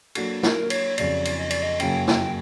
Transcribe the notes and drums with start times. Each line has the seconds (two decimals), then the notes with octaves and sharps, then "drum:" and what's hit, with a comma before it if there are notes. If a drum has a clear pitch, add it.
0.15 F#3 A#3 D4 F#4 A4, drum: cymbal
0.43 A#4, drum: snare
0.70 C#5, drum: cymbal
0.98 F2 C#3 F#3 D5, drum: cymbal
1.25 drum: cymbal
1.39 D#5
1.51 D5, drum: cymbal
1.63 D#5
1.80 F#2 C#3 F#3 A#3 C#4 G5, drum: cymbal
2.07 G5, drum: snare